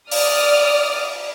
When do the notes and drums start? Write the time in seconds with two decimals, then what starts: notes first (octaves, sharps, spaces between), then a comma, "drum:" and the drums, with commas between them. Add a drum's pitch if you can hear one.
0.11 D5 D6 D#6 F6, drum: open hi-hat